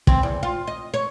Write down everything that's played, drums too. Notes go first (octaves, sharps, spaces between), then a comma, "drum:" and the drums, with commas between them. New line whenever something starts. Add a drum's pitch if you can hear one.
C4, drum: kick
E2
F4
D#5
C#5